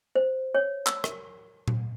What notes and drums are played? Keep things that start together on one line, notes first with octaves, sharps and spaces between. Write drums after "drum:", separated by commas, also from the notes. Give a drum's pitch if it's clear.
C5
C#5
E6, drum: clap
A#4, drum: rim click
drum: tom A#2